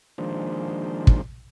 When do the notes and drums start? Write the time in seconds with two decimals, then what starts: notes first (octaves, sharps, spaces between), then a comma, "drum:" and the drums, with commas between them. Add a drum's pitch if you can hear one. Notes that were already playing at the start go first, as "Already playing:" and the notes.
0.18 D#3 F3 G#3 A#3 D4 C5
1.07 drum: kick